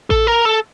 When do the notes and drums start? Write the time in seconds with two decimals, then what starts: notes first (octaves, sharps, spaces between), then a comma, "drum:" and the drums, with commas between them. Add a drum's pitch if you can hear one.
0.10 A4, drum: kick A1
0.27 A#4
0.45 A4